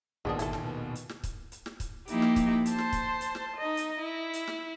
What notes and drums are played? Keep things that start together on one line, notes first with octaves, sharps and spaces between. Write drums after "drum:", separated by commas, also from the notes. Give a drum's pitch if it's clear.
A#1 D#2 A#2 G#3 B3 D4
G1 E4 A4, drum: hi-hat
drum: snare
B2
drum: hi-hat
drum: snare
drum: kick, hi-hat
drum: hi-hat
drum: snare
drum: kick, hi-hat
F3 A#3 D#4 E4 G4, drum: hi-hat
drum: snare
drum: kick, hi-hat
C5 A5 C6, drum: hi-hat
drum: snare
drum: kick, hi-hat
drum: hi-hat
drum: snare
D#4 D#5
drum: hi-hat
E4
drum: hi-hat
drum: snare